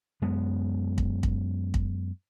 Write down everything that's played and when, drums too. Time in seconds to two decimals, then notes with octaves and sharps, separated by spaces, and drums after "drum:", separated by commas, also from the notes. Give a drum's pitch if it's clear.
0.22 F#2 G#3 B3
0.98 drum: kick
1.23 drum: kick
1.74 drum: kick